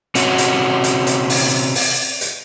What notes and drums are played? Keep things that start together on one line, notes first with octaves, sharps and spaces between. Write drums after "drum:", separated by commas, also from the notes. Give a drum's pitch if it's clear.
C3 C#4 F#4, drum: hi-hat
drum: hi-hat
drum: hi-hat
drum: hi-hat
drum: open hi-hat
drum: open hi-hat
drum: hi-hat